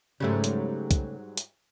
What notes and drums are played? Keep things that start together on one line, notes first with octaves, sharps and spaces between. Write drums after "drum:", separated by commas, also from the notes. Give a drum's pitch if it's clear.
G#2 C#3 F#3 G3 A3
drum: hi-hat
drum: kick, hi-hat
drum: hi-hat